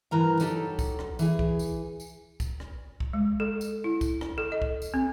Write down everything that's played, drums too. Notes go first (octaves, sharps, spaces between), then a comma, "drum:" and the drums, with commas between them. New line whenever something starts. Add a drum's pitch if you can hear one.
G2 E3 A#4 A#5
F#3 D#4 G4 A4, drum: tambourine
drum: kick, tambourine
drum: rim click
E3 G#4, drum: tambourine
drum: kick
drum: tambourine
drum: tambourine
drum: kick, tambourine
drum: rim click
drum: kick
G#3
A4
drum: tambourine
E4
drum: kick, tambourine
drum: rim click
A4
D#5
drum: kick
drum: tambourine
C4